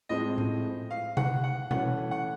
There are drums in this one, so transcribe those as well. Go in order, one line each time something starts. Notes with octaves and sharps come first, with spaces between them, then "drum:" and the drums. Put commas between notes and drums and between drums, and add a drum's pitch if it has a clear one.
A2 F3 G#3 C4 D#5
drum: tom A2
F5
F#5, drum: tom C3
F#5
E3 A3 C#4 F#4 F#5, drum: tom B2
F#5